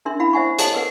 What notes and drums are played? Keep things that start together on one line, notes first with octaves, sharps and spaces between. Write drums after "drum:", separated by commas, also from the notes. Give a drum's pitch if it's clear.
C#4 D4 A#4 E5 C6
C#4 E4 F5 B5
C5 D5 E5 F#5 G#5 C#6
G4 A4 C#5 D#5 F5 A5, drum: hi-hat
A#4 B4 F#5